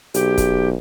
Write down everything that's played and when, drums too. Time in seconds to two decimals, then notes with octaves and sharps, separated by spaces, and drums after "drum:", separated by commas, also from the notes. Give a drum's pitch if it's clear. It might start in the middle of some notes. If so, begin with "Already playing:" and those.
0.14 B1 G4, drum: hi-hat
0.38 drum: kick E1, hi-hat